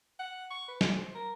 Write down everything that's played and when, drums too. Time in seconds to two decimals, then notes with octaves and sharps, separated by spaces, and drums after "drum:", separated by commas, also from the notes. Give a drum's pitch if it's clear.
0.20 F#5
0.51 C#6
0.68 B4
0.81 F4, drum: snare
0.97 C5
1.15 A#4